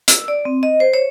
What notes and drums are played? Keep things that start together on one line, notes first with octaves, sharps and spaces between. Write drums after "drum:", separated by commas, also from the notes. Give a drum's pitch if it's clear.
E6, drum: hi-hat
D5
C4
D#5
C5
C#5